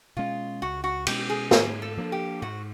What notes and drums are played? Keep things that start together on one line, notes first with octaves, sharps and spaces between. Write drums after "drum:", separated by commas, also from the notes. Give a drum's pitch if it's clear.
B2 G#3 C#4 F4
C#2 F#4
F#4
B2 G#3 C#4 G4, drum: cymbal
G#4
G#2 G#4, drum: snare
A4
F3 A#3 D4
G4
G#2 F#4